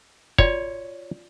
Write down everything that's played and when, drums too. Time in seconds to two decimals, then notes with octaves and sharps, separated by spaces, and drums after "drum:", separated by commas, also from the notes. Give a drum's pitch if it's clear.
0.38 F4 F#4 C#5 D5, drum: kick